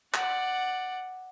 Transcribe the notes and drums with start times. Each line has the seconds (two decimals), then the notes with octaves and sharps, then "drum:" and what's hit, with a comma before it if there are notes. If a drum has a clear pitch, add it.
0.14 D5 F#5, drum: clap